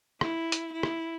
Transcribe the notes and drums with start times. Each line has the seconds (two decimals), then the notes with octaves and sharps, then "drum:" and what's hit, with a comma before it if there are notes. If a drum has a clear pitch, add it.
0.21 E4, drum: rim click
0.52 drum: hi-hat
0.72 E4
0.83 drum: rim click